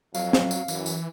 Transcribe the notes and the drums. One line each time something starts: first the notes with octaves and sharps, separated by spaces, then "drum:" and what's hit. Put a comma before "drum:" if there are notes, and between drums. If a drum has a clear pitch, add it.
F2 F#3 F5, drum: tambourine
drum: snare
drum: tambourine
F#2 E3, drum: tambourine
drum: tambourine